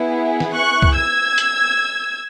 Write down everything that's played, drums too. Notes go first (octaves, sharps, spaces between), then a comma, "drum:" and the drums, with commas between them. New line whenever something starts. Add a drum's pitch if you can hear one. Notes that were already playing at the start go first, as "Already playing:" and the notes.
Already playing: B3 E4 G#4
drum: snare E3
C#6 F#6
drum: kick
E6 G#6
drum: hi-hat